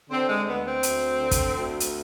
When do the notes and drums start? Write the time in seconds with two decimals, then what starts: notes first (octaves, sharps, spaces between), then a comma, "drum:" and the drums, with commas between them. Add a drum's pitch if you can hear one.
0.09 D3 C4
0.27 G#3
0.46 D2 B3
0.64 C4
0.83 D2, drum: hi-hat
1.19 D3
1.31 drum: kick, hi-hat
1.56 D2
1.80 drum: hi-hat